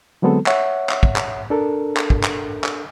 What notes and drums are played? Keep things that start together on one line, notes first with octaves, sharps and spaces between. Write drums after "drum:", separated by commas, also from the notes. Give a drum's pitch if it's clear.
D3 F#3 G#3 B3 C4 A4
C#5 E5 F#5, drum: clap
drum: clap
drum: kick
drum: clap
D4 A4 A#4
drum: clap
drum: kick
drum: clap
drum: clap